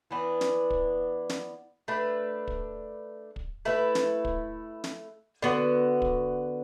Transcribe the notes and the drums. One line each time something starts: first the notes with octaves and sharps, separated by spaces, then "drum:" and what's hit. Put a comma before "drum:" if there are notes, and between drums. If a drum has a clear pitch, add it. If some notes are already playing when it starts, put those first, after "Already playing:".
E3 B3 D4
drum: snare
drum: kick
drum: snare
A3 D4 B4
drum: kick
drum: kick
A3 E4 B4
drum: snare
drum: kick
drum: snare
D3 B3 F#4
drum: kick